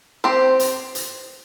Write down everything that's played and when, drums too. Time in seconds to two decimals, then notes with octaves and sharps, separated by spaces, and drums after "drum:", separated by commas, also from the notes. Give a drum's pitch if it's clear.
0.24 C4 G4 C5
0.60 drum: hi-hat
0.95 drum: hi-hat